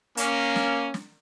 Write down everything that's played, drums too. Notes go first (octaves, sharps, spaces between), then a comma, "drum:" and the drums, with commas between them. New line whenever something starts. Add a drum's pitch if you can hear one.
A#3 C#4, drum: hi-hat
drum: snare
drum: snare